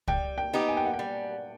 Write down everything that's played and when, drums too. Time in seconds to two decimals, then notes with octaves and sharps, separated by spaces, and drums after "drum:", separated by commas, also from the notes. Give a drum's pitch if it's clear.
0.08 G3 G5, drum: kick
0.38 G5
0.53 B3 D#4 G4
0.69 G#5
0.77 G5
0.85 F#5
0.94 G5
0.99 G3